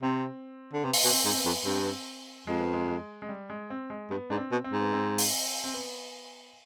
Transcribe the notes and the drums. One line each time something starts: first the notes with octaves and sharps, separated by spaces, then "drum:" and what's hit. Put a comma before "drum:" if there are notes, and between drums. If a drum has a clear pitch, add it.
C3 C4
D3
C3 B3
drum: open hi-hat
B2
C4
G#2
C4
B3
F2
G2 C4
B3
C4
F2 G#3
B3
G#3
G#3
G#3
G3
G#3
C4
G#3
G2 B3
G#2 D4
C4
B2
C4
G#2
B3
C4
drum: open hi-hat
C4
B3